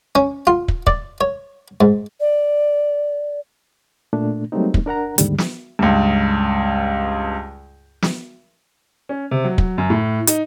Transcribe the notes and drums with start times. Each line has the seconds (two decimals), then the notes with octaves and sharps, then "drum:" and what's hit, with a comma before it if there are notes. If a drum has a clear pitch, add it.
0.15 C#4
0.47 F4
0.68 drum: kick
0.87 D5, drum: kick
1.21 C#5
1.81 G#2
2.20 D5
4.13 A#2 A3 D4
4.52 F#3 G3 A3 A#3 C4 D#4
4.74 drum: kick
4.86 D4 A#4 F#5 A#5
5.18 D#2 G#2 D3 G3, drum: hi-hat
5.38 drum: snare
5.79 C#2 G2
8.02 drum: snare
9.09 C#4
9.31 C3
9.44 F#3
9.58 F#3, drum: kick
9.78 F#2
9.90 A2
10.27 D#4, drum: hi-hat